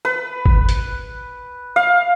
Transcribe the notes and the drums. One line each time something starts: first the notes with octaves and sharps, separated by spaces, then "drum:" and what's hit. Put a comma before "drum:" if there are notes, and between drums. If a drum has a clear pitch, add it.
B4
drum: kick
drum: hi-hat
F5